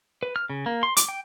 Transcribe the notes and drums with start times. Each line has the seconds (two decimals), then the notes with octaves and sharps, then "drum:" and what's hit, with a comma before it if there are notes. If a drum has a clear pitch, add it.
0.23 B4
0.36 F6
0.50 C#3
0.66 A#3
0.83 C6
0.97 D6, drum: hi-hat
1.09 G5